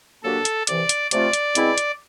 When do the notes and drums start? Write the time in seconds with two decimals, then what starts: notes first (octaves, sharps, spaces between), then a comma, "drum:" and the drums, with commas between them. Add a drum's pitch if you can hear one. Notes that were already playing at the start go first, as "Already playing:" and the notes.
0.23 A#2 F#3 A#3 D4 G4 A4
0.45 drum: hi-hat
0.67 C2 C3 E3 D5, drum: hi-hat
0.89 drum: hi-hat
1.11 C3 F3 A3 C4 F4 D5, drum: hi-hat
1.33 drum: hi-hat
1.55 B2 G#3 C4 E4, drum: hi-hat
1.78 drum: hi-hat